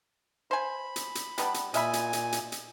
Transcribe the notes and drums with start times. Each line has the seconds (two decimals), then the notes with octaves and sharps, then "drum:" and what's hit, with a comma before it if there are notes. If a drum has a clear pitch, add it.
0.51 C5 G#5 B5
0.96 drum: hi-hat
1.15 drum: hi-hat
1.38 G3 B3 D4, drum: hi-hat
1.54 drum: hi-hat
1.74 A#2 D#5 E5 G#5 B5, drum: hi-hat
1.93 drum: hi-hat
2.13 drum: hi-hat
2.32 drum: hi-hat
2.52 drum: hi-hat